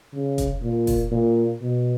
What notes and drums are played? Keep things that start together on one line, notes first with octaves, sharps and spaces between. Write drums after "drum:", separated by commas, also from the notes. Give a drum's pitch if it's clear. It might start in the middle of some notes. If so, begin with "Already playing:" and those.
C#3
drum: kick F1, hi-hat
A#2
drum: kick F1, open hi-hat
A#2
B2